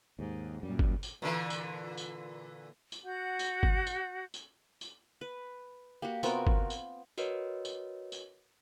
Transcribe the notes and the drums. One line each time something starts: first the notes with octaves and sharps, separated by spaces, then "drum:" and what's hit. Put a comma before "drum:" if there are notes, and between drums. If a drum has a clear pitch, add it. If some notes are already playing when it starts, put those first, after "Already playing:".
D#2 G#2
F#2 A#2 G3
drum: kick G1
drum: tambourine
A#2 D3 E3
drum: tambourine
drum: tambourine
drum: tambourine
F#4 F#5 G6
drum: tambourine
drum: kick G1
drum: tambourine
drum: tambourine
drum: tambourine
B4
A#3 F#4 G4
C3 B3 C4 F4 F#4 A#4, drum: tambourine
drum: kick G1
drum: tambourine
F#4 A#4 B4 C#5 D#5, drum: tambourine
drum: tambourine
drum: tambourine